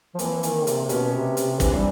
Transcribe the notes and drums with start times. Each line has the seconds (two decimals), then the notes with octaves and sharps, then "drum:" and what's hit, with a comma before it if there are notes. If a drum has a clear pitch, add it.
0.15 F3
0.19 E3 A#3 C4, drum: hi-hat
0.43 D#3, drum: hi-hat
0.67 C3, drum: hi-hat
0.85 C3
0.89 B2 B3 C#4, drum: hi-hat
1.13 C3
1.37 C3, drum: hi-hat
1.60 E3 C4 D4, drum: kick, hi-hat
1.75 G3